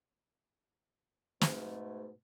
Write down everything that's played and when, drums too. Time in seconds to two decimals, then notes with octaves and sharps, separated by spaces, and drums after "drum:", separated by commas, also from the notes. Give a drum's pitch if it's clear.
1.41 G#2 B2 A3, drum: snare